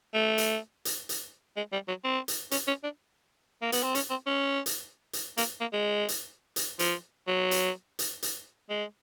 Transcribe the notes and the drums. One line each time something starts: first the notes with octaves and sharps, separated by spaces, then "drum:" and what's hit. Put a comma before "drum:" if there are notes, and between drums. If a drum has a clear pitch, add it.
A3
drum: hi-hat
drum: hi-hat
drum: hi-hat
G#3
G3
F#3
C4
drum: hi-hat
C#4, drum: hi-hat
C#4
D4
A#3
B3, drum: hi-hat
C4
C#4, drum: hi-hat
C4
C#4
drum: hi-hat
drum: hi-hat
A#3, drum: hi-hat
A#3
G#3
drum: hi-hat
drum: hi-hat
F3, drum: hi-hat
F#3
drum: hi-hat
drum: hi-hat
drum: hi-hat
G#3